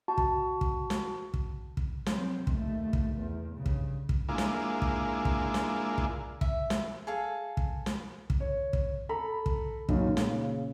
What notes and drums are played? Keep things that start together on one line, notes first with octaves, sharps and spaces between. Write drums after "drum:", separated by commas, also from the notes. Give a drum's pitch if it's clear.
F#4 A5
drum: kick
drum: kick
drum: snare
drum: kick
drum: kick
F#3 C4, drum: snare
D#2 A3, drum: kick
drum: kick
E2
G2 C#3
drum: kick
drum: kick
G#3 A#3 D4 E4 F4
drum: snare
drum: kick
drum: kick
drum: snare
drum: kick
E5, drum: kick
drum: snare
G#4 A4 F5
drum: kick
drum: snare
drum: kick
C#5
drum: kick
A4 A#5 B5
drum: kick
F#2 A#2 D#3 F#3, drum: kick
A#2 C#3, drum: snare